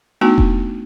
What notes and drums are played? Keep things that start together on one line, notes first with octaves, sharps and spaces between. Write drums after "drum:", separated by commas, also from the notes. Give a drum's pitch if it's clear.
A3 B3 D4 D#4 F#4 G#5
drum: kick E1